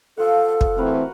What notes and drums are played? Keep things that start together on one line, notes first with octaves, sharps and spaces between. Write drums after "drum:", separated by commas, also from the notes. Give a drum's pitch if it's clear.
F3 A4 F5 F#5
drum: kick
E3 A3 C4 F#4 A#4 B4